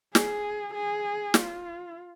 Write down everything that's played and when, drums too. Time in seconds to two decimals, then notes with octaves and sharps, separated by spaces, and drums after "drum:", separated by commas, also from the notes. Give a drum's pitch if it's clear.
0.15 G#4, drum: snare
0.75 G#4
1.34 F4, drum: snare